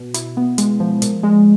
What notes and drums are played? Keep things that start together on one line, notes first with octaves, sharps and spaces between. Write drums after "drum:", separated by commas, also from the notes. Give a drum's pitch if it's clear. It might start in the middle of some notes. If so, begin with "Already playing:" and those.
Already playing: B2
E4, drum: hi-hat
B3
G#3, drum: hi-hat
F3
A#2, drum: hi-hat
G#3